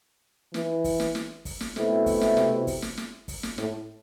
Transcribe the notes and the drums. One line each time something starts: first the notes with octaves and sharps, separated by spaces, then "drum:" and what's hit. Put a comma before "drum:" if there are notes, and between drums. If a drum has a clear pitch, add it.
E3, drum: snare
drum: kick, open hi-hat
drum: snare
drum: snare
drum: kick, open hi-hat
drum: snare
B2 A3 C4 E4, drum: snare
drum: kick, open hi-hat
drum: snare
C3, drum: snare
drum: kick, open hi-hat
drum: snare
drum: snare
drum: kick, open hi-hat
drum: snare
A2, drum: snare